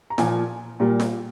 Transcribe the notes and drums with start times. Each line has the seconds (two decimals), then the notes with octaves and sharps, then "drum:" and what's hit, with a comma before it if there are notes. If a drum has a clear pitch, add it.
0.10 A#5
0.18 A#2 F3 A#3 G#5, drum: snare F4
0.80 A#2 G3 A#3
1.00 drum: snare F4